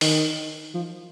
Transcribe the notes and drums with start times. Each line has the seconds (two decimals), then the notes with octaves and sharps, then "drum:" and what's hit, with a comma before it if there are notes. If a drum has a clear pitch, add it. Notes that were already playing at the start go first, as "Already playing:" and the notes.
0.01 D#3, drum: open hi-hat
0.74 F3